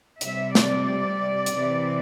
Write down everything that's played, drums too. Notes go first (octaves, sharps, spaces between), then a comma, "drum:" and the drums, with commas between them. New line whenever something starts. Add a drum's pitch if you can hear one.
C3 G3 C4 E5, drum: hi-hat
D5, drum: snare
drum: hi-hat
C3 E3 C4